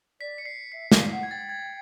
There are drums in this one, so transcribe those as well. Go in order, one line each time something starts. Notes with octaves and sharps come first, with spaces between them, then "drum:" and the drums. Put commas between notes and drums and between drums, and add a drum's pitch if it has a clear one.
D5 B6
C#7
C7
E5 C7
F5 B6, drum: snare
F#5
G#6
G5 A6
G#6